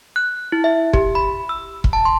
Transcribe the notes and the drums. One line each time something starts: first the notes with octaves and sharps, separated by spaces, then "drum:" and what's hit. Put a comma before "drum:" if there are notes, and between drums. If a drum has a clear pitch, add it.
F#6
E4
E5
G4, drum: kick
B5
E6
drum: kick
A5
C6